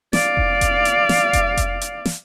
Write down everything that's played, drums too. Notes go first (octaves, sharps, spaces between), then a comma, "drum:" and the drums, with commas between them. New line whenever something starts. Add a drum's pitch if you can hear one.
D5 F5, drum: snare
drum: kick F1
drum: kick F1, hi-hat
drum: hi-hat
drum: snare
drum: kick F1, hi-hat
drum: kick F1, hi-hat
drum: hi-hat
drum: snare